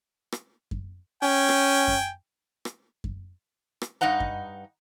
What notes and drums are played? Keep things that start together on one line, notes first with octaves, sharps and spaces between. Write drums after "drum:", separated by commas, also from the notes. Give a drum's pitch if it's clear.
drum: rim click
drum: kick F#2
C#4 G5 G#5
drum: rim click
drum: kick F#2
drum: rim click
drum: kick F#2
drum: rim click
G2 D#4 D#5 F#5 A#5
drum: kick F#2